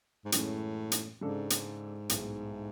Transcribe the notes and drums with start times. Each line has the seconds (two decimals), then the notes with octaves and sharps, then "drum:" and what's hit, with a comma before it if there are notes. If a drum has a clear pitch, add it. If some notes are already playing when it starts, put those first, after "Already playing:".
0.25 G#2
0.32 F#2 A2 E3 G#3 C#4, drum: hi-hat
0.92 drum: hi-hat
1.21 G#2 C#3 G#3 D4 A4
1.50 drum: hi-hat
2.09 B1 A2 G#3, drum: hi-hat